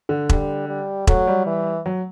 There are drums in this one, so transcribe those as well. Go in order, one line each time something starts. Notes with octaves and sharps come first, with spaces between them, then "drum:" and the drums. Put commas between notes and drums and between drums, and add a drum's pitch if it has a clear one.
D3
G3, drum: kick E1
G3
F#3 A3, drum: kick E1
G3
E3
F#3